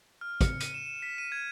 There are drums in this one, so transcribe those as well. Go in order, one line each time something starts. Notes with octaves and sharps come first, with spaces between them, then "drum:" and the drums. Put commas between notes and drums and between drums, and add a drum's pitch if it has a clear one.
F6
C#7, drum: kick, hi-hat
D#7, drum: hi-hat
E7
E7
B6
D#7
G#6